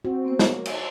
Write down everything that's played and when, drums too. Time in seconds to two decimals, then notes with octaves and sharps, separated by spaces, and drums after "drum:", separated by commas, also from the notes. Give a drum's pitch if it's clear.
0.05 C4 F#4
0.25 A#3 B3 C5
0.39 A#3 C#5, drum: snare
0.65 drum: cymbal